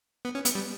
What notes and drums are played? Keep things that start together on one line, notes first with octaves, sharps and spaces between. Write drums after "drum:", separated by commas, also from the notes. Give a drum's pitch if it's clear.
B3
C#4
B3, drum: hi-hat
G3